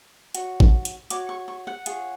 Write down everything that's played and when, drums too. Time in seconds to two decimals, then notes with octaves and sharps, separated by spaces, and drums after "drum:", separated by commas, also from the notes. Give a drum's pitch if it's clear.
0.35 F#4 C#5, drum: hi-hat
0.60 drum: kick
0.85 drum: hi-hat
1.10 F#4 C#5 D6, drum: hi-hat
1.29 C#6
1.48 C#6
1.67 F#5
1.86 F4 G#4 C#5, drum: hi-hat